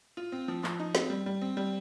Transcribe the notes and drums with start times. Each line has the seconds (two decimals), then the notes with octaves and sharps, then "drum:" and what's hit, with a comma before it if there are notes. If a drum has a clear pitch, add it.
0.17 F4
0.32 C4
0.48 F3
0.64 F3, drum: clap
0.80 D#4
0.95 C4, drum: snare
1.10 G3
1.26 G3
1.41 C4
1.57 G3